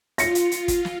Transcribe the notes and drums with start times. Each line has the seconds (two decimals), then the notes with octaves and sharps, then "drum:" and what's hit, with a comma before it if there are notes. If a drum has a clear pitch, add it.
0.18 F4 A#6 C#7, drum: hi-hat
0.35 drum: hi-hat
0.52 drum: hi-hat
0.68 drum: kick, hi-hat
0.85 drum: snare